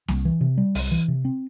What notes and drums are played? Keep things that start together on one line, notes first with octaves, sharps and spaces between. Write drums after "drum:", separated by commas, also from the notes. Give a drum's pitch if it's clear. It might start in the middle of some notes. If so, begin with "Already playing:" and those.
C2, drum: snare A#3
E3
C3
G3
C2, drum: open hi-hat
E3
C3
C4